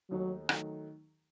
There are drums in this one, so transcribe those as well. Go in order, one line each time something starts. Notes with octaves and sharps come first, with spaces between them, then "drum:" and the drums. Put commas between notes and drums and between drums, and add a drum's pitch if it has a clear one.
D#2 D#3 F#3 A3 D#4 F#4
D#3 F#3 A3 D#4, drum: rim click